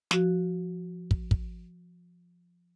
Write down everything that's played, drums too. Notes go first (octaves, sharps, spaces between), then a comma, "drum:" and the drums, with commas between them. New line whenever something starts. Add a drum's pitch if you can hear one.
F3 F#4, drum: snare
drum: kick
drum: kick